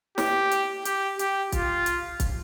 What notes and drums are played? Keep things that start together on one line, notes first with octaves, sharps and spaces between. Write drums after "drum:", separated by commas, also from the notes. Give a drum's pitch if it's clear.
G4, drum: snare
drum: hi-hat
G4, drum: hi-hat
G4, drum: hi-hat
F4, drum: kick, hi-hat
drum: hi-hat
drum: kick, hi-hat